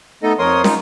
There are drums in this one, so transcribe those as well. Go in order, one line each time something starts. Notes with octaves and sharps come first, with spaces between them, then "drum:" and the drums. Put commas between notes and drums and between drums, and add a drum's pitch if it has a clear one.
A3 B3 D#4 A4 D#5
F2 F3 A#4 C#5 C6 D#6
D#4 F4, drum: snare